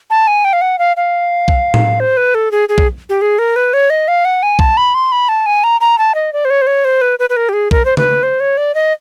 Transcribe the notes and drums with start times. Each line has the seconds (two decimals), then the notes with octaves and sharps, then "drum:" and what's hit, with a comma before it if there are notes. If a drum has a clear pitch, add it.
0.10 A5
0.27 G#5
0.44 G5
0.53 F5
0.61 F#5
0.79 F5
0.96 F5
1.48 drum: kick B1
1.74 drum: tom A2
2.00 C5
2.17 B4
2.34 A4
2.51 G#4
2.69 G#4
2.78 drum: kick B1
3.09 G4
3.21 G#4
3.38 A#4
3.56 B4
3.73 C#5
3.90 D#5
4.08 F5
4.25 F#5
4.43 G#5
4.59 A5, drum: kick B1
4.77 B5
4.94 C6
5.12 B5
5.29 A5
5.46 G#5
5.64 A#5
5.81 A#5
5.98 A5
6.15 D#5
6.33 D5
6.45 C5
6.50 C#5
6.61 C5
6.67 C#5
6.85 C5
7.01 B4
7.19 B4
7.30 B4
7.36 A#4
7.49 G4
7.53 G#4
7.71 A#4, drum: kick B1
7.85 C5
7.97 B4, drum: tom C#3
8.23 C5
8.40 C#5
8.57 D5
8.75 D#5